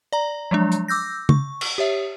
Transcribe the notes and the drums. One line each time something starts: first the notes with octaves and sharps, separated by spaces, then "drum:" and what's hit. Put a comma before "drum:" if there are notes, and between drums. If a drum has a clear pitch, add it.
D5 A#5
F3 F#3 G#3 D4
drum: hi-hat
D6 E6 G6 A#6
C#6, drum: tom C#3
drum: cymbal
G4 C#5 E5